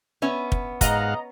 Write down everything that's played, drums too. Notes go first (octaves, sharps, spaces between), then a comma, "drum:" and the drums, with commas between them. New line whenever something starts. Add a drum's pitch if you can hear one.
B3 C#4 E5
drum: kick
G#2 D#5 F5 F#5 A#5, drum: kick, hi-hat